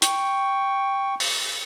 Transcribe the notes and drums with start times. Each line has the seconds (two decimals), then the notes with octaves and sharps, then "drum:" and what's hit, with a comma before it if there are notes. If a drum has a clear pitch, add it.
0.02 G5 C#6, drum: hi-hat
1.20 drum: open hi-hat